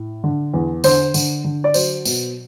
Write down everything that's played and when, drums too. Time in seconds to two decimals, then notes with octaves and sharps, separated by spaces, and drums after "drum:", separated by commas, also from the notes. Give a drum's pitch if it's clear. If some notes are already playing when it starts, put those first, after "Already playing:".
Already playing: A2
0.24 D3
0.54 E2
0.84 D3 C5, drum: tambourine
1.14 D3, drum: tambourine
1.44 D3
1.64 D5
1.74 F#3 C5, drum: tambourine
2.05 B2, drum: tambourine